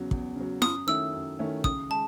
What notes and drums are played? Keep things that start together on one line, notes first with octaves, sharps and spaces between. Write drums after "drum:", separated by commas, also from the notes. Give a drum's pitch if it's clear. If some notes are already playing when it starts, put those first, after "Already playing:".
Already playing: E2 C#3 F#3
E2, drum: kick
C#3 F#3
F#2 D#6, drum: snare
D#3 A3 C#4 E4 E6
F#2
D#3 A3 C#4 E4
C#3 D#6, drum: kick
G#3 A5